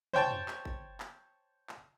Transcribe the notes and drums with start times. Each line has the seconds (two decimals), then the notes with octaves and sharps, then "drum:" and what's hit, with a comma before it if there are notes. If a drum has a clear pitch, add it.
0.13 C5 C#5 G5 A5, drum: tom
0.31 drum: tom
0.48 drum: clap
0.65 drum: kick G1
1.00 drum: clap
1.69 drum: clap